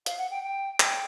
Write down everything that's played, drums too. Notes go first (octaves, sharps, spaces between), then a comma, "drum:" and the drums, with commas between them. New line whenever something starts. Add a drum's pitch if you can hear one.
F5, drum: hi-hat
F#5
G5
G5
G5, drum: clap